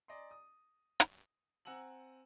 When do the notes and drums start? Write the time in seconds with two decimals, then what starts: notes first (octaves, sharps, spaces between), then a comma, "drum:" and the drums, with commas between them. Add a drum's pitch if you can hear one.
0.08 D5 D#5 G#5 A#5 C6
0.31 D#6
1.00 drum: hi-hat
1.65 C4 F#5 G#5 A#5 E6 F#7